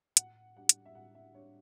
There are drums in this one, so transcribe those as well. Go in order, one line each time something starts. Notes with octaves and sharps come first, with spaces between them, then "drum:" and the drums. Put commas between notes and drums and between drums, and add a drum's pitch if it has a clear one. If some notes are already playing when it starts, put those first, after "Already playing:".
A2 F#5, drum: hi-hat
G3 D4 G4 F#5
drum: hi-hat
E5
A2 F#5
E5
G3 D4 G4 C#5